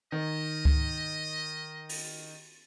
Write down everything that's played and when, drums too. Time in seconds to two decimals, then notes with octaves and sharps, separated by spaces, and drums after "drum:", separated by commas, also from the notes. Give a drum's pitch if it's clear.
0.12 D#3 D#5
0.65 drum: kick C#2
1.89 drum: open hi-hat